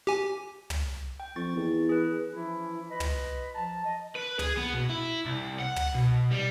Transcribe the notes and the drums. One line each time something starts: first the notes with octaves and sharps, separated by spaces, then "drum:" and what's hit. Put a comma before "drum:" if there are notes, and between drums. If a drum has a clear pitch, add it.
G4 G#5
drum: tom
G5
F2 C#6 A6
E2
G#4 B4
E3 F3 C#4 E4
F4 B4 D#5 B5
drum: tom
F3 A5 A#5
D#5
B4
G#4, drum: tom
B3
B2
E4
C2
F#5
drum: tom
B2
G3